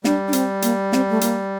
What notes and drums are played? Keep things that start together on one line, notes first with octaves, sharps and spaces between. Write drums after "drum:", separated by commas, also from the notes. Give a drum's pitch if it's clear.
G3 D4, drum: snare
D4
C4, drum: hi-hat
A#3, drum: hi-hat
C4, drum: snare
A3
A#3, drum: hi-hat